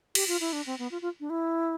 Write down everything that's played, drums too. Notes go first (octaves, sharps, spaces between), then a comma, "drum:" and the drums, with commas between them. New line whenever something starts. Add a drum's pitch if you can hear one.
G4, drum: cymbal
F4
E4
D4
C4
B3
F4
F4
D4
E4